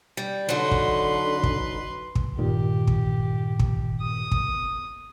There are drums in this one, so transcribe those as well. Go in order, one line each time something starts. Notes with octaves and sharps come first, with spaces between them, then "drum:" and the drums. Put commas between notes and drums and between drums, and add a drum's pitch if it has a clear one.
G3
D3 F#3 D#4 B4 C6
drum: kick
drum: kick
drum: kick
G2 A#2 D#3 G4
drum: kick
drum: kick
D#6
drum: kick